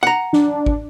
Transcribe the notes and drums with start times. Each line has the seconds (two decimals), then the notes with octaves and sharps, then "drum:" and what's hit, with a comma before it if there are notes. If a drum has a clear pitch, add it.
0.03 F#5 A#5
0.33 D4, drum: snare
0.66 drum: kick